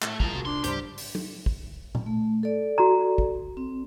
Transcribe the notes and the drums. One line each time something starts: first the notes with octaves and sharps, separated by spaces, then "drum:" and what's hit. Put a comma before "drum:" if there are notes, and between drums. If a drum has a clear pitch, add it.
A2 A3, drum: clap
A#2 F3 G3 G#4 A#5, drum: kick
C3 F#4
D4 C6
D2 G#2 C#3 G3 G4 C5, drum: hi-hat
drum: open hi-hat
drum: tom F#3
drum: kick
drum: tom A#2
A3
A4 D5
F#4 A#5
drum: kick
C4